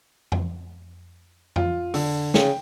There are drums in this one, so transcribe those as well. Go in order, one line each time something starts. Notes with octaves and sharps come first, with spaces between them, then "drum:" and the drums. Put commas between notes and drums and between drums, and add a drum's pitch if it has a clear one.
drum: tom F2
F4, drum: tom F2
D3, drum: open hi-hat
C#3 G5, drum: snare